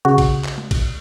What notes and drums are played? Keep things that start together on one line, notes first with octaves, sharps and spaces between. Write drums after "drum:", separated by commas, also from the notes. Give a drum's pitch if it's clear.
C#3 F#4
drum: kick A#1, cymbal
drum: clap
drum: tom G#3
drum: kick A#1, cymbal